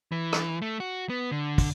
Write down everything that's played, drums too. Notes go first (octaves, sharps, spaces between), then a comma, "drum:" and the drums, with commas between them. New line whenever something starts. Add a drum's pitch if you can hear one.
E3
drum: rim click
A3
F#4
B3
D3
drum: kick, open hi-hat